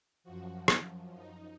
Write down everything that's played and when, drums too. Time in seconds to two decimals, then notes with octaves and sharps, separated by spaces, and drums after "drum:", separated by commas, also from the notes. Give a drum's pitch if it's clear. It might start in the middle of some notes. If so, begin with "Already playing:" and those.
0.24 F#2 F3 F#4
0.68 drum: rim click
1.14 D#4